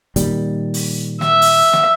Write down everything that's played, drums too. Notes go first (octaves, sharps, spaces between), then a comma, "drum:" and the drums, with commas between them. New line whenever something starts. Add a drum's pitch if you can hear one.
A#2 D#3 G3, drum: hi-hat
drum: open hi-hat
E5, drum: snare
drum: open hi-hat
drum: snare